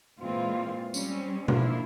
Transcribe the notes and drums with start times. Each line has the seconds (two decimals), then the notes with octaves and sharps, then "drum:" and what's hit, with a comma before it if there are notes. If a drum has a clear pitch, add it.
0.20 A#2 E3 G#3 C4 F4
0.94 G3 C4 C#4, drum: tambourine
1.48 D#3 F3 A#3 D4 E4 F4, drum: tom B2